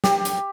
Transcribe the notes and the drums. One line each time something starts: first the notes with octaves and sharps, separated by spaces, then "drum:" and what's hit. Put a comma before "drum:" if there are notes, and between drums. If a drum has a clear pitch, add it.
G4, drum: snare
drum: hi-hat